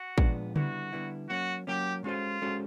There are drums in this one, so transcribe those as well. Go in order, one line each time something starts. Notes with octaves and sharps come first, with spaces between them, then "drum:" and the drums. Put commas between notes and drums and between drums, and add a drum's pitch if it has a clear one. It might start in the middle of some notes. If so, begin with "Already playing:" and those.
Already playing: F#4
A#2 F3 G#3 B3 D4, drum: kick
D3 G3 B3 E4 F#4, drum: tom C#3
D3 G3 B3 E4
F#3 A#3 C#4 F#4
F#3 A#3 C#4 G4
G#3 C#4 F4 F#4 A4 C5
G#3 C#4 F#4 A4 C5